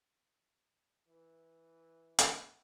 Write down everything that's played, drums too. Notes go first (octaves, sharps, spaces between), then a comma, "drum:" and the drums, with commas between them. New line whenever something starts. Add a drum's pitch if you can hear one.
E3
F#5, drum: hi-hat